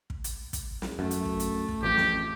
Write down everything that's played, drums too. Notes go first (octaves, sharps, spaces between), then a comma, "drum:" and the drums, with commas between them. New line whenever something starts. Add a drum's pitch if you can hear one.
drum: kick
drum: hi-hat
drum: kick, hi-hat
drum: snare
F#2 A3
drum: hi-hat
drum: kick
drum: hi-hat
drum: kick
A1 F2 G4
drum: snare